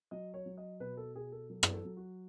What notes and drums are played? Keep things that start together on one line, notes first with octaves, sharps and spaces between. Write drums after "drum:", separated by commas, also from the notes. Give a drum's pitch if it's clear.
F#3 D#5
C#5
F#3
D#5
B2 B4
A4
B2 G#4
A4
F#3 A4
drum: rim click
A4
F#3
F#4